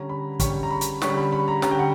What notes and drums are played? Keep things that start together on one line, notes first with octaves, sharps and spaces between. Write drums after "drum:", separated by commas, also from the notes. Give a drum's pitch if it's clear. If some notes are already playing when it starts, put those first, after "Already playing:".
Already playing: D3 G3 C#4 A#5
B5
D3 G3 C#4 C#6, drum: kick, hi-hat
A#5
B5
drum: hi-hat
D3 G3 C#4 C#6, drum: snare
B5
B5
A#5
D3 G3 C#4 A#5, drum: snare
G5
F#5